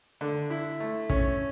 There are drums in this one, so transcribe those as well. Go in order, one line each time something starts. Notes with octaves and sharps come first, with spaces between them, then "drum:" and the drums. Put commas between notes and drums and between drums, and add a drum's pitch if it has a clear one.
D3
E4
A3
C#4, drum: kick